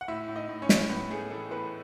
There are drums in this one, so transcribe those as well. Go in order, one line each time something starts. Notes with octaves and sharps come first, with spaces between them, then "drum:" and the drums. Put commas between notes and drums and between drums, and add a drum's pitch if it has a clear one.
F#5
A2 E4 E5
A2
D#4 D#5
A2
C#4 C#5
A2, drum: snare
A2 B3 B4
A3 G#4
E3 A4
A2 B3 B4